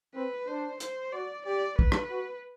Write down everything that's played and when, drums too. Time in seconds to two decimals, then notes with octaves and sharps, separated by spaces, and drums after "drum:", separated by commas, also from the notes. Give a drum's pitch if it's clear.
0.15 C4 B4
0.47 D4 C5
0.80 C5, drum: hi-hat
1.12 F#4 D5
1.45 G4 D5
1.79 B4, drum: kick
1.92 drum: rim click
2.11 F#4